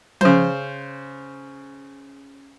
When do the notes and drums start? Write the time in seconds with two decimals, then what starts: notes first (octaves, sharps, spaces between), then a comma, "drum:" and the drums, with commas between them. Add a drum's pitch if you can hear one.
0.21 C#3 C5, drum: tom F3